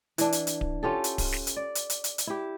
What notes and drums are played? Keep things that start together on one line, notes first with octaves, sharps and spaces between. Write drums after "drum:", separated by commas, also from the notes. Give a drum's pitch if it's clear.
E3 D4, drum: hi-hat
drum: hi-hat
drum: hi-hat
drum: kick D1
C#4 F4 G4 A4
drum: hi-hat
drum: kick D1, open hi-hat
drum: snare
drum: hi-hat
D5
drum: hi-hat
drum: hi-hat
drum: hi-hat
drum: hi-hat
E4 G4